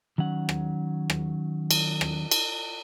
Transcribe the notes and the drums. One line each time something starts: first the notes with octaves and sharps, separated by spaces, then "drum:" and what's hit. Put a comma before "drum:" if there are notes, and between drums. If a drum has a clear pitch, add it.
D#3 F#3 C#4 F#5
drum: rim click
drum: rim click
drum: cymbal
drum: rim click
drum: cymbal